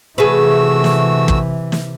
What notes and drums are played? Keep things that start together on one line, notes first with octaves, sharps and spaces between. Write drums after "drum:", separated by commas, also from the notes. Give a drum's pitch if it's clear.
C3 E3 A3 F#4 G#4 B4 E6
drum: snare
drum: kick
drum: snare